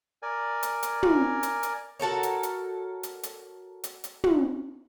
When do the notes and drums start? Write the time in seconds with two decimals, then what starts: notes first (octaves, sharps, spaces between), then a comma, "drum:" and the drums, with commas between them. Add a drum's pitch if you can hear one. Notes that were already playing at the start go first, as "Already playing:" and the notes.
0.22 A#4 D5 G#5
0.63 drum: hi-hat
0.83 drum: hi-hat
1.03 drum: tom
1.43 drum: hi-hat
1.63 drum: hi-hat
2.00 F#4 A4 A#4 C#5
2.23 drum: hi-hat
2.43 drum: hi-hat
3.03 drum: hi-hat
3.23 drum: hi-hat
3.84 drum: hi-hat
4.04 drum: hi-hat
4.24 drum: tom